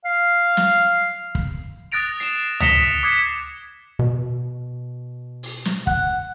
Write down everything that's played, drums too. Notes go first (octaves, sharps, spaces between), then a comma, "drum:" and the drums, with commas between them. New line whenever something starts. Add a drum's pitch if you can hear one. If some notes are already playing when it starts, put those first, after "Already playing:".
F5
drum: snare
drum: kick
D#6 F#6 A6 A#6 D7 F7
C7 E7, drum: hi-hat
D#6 A#6 B6 C#7 E7 G7, drum: tom C#2
D6 D#6 F#6 G#6 C7 C#7
B2
drum: open hi-hat
drum: snare
F#5, drum: kick